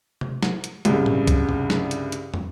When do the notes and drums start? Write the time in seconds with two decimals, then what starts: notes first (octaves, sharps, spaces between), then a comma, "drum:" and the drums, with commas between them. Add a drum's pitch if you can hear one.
0.21 drum: tom C3
0.43 drum: snare
0.64 drum: hi-hat
0.85 C2 G2 C#3, drum: hi-hat
1.06 drum: tom A2
1.27 drum: kick, hi-hat
1.49 drum: tom C3
1.70 drum: snare
1.91 drum: hi-hat
2.12 drum: hi-hat
2.34 drum: tom